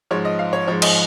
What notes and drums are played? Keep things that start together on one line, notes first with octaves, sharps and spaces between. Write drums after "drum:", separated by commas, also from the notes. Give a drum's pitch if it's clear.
G#2 F3 C#5
D#5
F5
C#5
G#2 F3 C#5
D#5, drum: cymbal